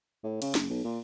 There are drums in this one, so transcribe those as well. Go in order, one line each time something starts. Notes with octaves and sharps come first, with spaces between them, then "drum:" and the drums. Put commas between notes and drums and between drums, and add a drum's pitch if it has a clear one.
A2
C#3, drum: cymbal
F#1, drum: snare
B1
A#2